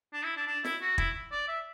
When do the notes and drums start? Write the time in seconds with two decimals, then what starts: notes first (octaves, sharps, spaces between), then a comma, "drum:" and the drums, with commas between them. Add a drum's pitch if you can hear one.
0.13 D4
0.25 E4
0.37 D4
0.47 D4
0.64 E4, drum: snare
0.81 F#4
0.98 E4, drum: kick
1.32 D5
1.48 E5